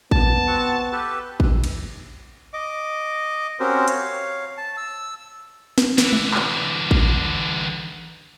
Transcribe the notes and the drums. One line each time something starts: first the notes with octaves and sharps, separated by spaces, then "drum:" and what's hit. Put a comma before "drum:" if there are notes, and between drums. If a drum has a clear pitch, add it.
B3 A5, drum: kick G#1
C4 F#4 C#6
G4 A4 B4
drum: kick G#1
drum: cymbal
D#5 D6
C4 C#4 F#4 G4 A#4 C5
C#5 F5, drum: hi-hat
A5
E6
drum: snare
D3 E3, drum: snare
drum: tom G#3
drum: clap
drum: kick G#1